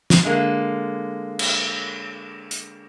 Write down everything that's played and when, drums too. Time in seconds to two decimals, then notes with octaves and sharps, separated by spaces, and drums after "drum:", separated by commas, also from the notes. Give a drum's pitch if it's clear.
0.10 drum: snare
0.23 D3 G#3 A#3
1.39 drum: cymbal
2.51 drum: hi-hat